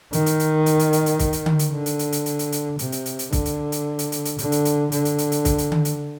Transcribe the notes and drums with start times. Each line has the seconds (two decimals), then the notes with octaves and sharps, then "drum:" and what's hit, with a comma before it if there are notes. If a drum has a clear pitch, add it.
0.13 D#3, drum: hi-hat
0.26 drum: hi-hat
0.40 drum: hi-hat
0.66 drum: hi-hat
0.79 drum: hi-hat
0.93 drum: hi-hat
1.06 drum: hi-hat
1.19 drum: kick C2, hi-hat
1.33 drum: hi-hat
1.46 drum: tom D3
1.59 drum: hi-hat
1.72 D3
1.86 drum: hi-hat
1.99 drum: hi-hat
2.12 drum: hi-hat
2.26 drum: hi-hat
2.39 drum: hi-hat
2.52 drum: hi-hat
2.79 C3, drum: hi-hat
2.92 drum: hi-hat
3.06 drum: hi-hat
3.19 drum: hi-hat
3.32 D3, drum: kick C2, hi-hat
3.45 drum: hi-hat
3.72 drum: hi-hat
3.99 drum: hi-hat
4.12 drum: hi-hat
4.25 drum: hi-hat
4.38 D3, drum: hi-hat
4.52 drum: hi-hat
4.65 drum: hi-hat
4.92 D3, drum: hi-hat
5.05 drum: hi-hat
5.18 drum: hi-hat
5.32 drum: hi-hat
5.45 drum: kick C2, hi-hat
5.58 drum: hi-hat
5.72 drum: tom D3
5.85 drum: hi-hat